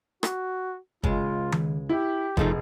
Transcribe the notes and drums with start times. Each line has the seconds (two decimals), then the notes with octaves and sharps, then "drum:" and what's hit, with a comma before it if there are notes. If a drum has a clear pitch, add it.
0.23 F#4, drum: rim click
1.04 C#2 G#3 F4, drum: kick
1.52 drum: tom D#3
1.89 E4 G4
2.37 F1 F3 A3 D#4 G#4, drum: kick